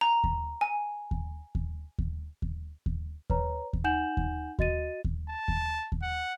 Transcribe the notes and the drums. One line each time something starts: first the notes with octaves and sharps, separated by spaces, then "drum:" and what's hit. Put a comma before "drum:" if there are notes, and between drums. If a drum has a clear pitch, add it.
A#5
drum: kick D#2
G#5
drum: kick D#2
drum: kick D#2
drum: kick D#2
drum: kick D#2
drum: kick D#2
B4 C#5 A#5, drum: kick D#2
drum: kick D#2
D#4 F#5 G#5 G6 E7 F#7
drum: kick D#2
F#4 D#5 A6 D#7, drum: kick D#2
drum: kick D#2
A5
drum: kick D#2
drum: kick D#2
F#5